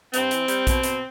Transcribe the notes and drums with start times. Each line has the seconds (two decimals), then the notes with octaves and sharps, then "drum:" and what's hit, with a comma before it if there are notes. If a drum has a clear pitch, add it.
0.14 G2 C4, drum: hi-hat
0.31 E3, drum: hi-hat
0.48 G3, drum: hi-hat
0.67 B2, drum: kick A#1, hi-hat
0.83 B2, drum: hi-hat